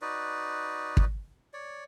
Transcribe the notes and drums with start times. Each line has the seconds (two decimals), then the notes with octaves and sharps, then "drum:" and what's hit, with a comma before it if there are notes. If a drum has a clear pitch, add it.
0.02 D#4 F#4 B4 D5
0.97 drum: kick
1.53 C#5 D5